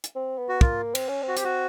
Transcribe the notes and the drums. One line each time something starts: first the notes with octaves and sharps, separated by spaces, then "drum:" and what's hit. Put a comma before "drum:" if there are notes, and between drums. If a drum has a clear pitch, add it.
drum: hi-hat
C4
B3
F#4
A#3 F4, drum: kick
C4, drum: cymbal
C#4
C4
F#4
G4, drum: hi-hat
F#4